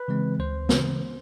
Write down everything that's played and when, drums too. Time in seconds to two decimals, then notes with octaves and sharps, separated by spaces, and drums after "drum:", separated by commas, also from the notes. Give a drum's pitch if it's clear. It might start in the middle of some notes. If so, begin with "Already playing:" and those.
Already playing: B4
0.08 C#3 E3 G#3 C4
0.39 D2 C5
0.69 C#3 E3 G#3 C4, drum: snare